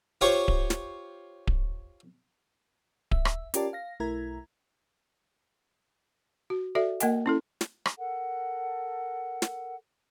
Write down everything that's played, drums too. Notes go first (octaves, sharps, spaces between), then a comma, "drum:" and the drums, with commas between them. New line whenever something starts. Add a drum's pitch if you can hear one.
F4 G4 C5 C#5 C#6
drum: kick D1
drum: snare
drum: kick D1
E5, drum: kick D1
drum: rim click
C#4 F4 G4 A#4 D5 A5, drum: hi-hat
F5 A#6
B1 A3 E4 A#4 A#5 G#6
F#4
F#4 A4 D5 E5
A#3 A#4 D#5 F#5 G#5, drum: hi-hat
C#4 E4 A4
drum: snare
drum: rim click
A4 A#4 F#5
drum: snare